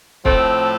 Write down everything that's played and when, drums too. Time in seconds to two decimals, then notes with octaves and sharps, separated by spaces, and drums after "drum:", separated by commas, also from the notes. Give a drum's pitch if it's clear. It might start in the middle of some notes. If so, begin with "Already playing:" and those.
0.25 A2 F3 A3 C4, drum: kick